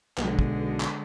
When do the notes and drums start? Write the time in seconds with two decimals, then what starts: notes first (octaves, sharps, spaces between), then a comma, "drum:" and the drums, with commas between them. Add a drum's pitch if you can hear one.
0.18 B1 D3 G#3, drum: clap
0.39 drum: kick
0.80 drum: clap